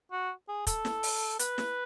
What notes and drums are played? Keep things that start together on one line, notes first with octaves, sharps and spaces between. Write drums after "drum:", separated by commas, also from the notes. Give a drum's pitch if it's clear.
F#4
G#4
A4, drum: kick, hi-hat
drum: snare
drum: open hi-hat
B4, drum: hi-hat
drum: snare